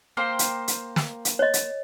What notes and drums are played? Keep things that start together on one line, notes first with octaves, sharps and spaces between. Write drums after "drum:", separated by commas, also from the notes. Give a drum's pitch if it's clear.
A#3 C5 G5
drum: hi-hat
drum: hi-hat
drum: snare
drum: hi-hat
C#5 D#5
drum: hi-hat